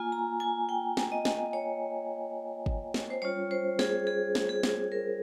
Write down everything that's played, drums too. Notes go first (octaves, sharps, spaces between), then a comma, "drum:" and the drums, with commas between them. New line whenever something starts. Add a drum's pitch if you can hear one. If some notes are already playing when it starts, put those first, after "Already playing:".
Already playing: A#3 F4 G#5
A#5
G#5
G5
drum: snare
D#5
drum: snare
C#5
drum: kick G1
drum: snare
C5
G3 C#4 F4 C#5
C5
G#4, drum: snare
G#4
drum: snare
G#4
drum: snare
A#4